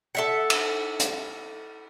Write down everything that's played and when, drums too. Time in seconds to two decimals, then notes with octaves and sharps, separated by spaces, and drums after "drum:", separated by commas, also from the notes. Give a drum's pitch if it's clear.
0.15 A4 E5 F#5
0.50 drum: cymbal
1.00 drum: hi-hat